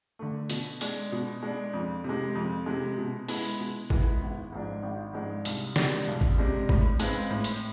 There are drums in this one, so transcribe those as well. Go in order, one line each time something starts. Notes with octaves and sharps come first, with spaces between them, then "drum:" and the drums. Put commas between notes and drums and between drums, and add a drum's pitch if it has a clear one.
D3 A3
B2, drum: hi-hat
G#3 D4, drum: hi-hat
B2
G#3 D4
F2
C3 G#3
F2
C3 G#3
B2
G#3 B3 E4, drum: open hi-hat
B2
G#3 B3 E4, drum: kick G#1
G#1
G#2 F3 G#3 D4
G#1
G#2 F3 G#3 D4
C2, drum: hi-hat
C3 G#3 D4, drum: snare
C2
drum: kick G#1
C3 G#3 D4
A2, drum: kick G#1
G#3 C4 F4 B4, drum: hi-hat
A2
drum: hi-hat